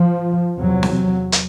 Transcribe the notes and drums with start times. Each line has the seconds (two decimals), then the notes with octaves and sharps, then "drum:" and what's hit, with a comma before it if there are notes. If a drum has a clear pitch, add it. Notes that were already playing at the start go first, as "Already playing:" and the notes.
Already playing: F3
0.58 E2 C3 F#3
0.83 drum: snare
1.32 drum: hi-hat